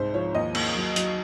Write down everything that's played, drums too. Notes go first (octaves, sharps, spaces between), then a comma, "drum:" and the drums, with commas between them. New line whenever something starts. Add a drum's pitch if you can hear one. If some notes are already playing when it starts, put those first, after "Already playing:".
Already playing: C2 G#2 C5
F3 C#5
D#2 D#5
A#3, drum: cymbal
F#3
F#3, drum: hi-hat